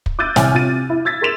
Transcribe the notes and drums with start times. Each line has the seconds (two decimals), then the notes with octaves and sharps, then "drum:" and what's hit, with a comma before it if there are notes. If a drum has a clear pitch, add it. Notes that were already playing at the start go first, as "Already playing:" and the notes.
0.06 drum: kick
0.19 D6 E6 F#6 G6 A6 D#7
0.36 C2 C#5 G#5 F6, drum: snare
0.54 C3 F4 A6 D#7
0.90 E4
1.05 E6 G#6 A6 B6
1.21 G#4 A#4 C6 B6 E7 F7